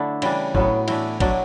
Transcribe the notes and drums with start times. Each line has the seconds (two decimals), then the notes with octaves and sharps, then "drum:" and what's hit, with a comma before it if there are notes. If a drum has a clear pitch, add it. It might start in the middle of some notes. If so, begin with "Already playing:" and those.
Already playing: D3 A3 D4 E4
0.22 C#3 E3 G3 D4, drum: cymbal
0.55 A2 F#3 B3, drum: kick
0.88 E3 A3 D4 E4, drum: cymbal
1.20 B2 F#3 A3 D4, drum: kick, cymbal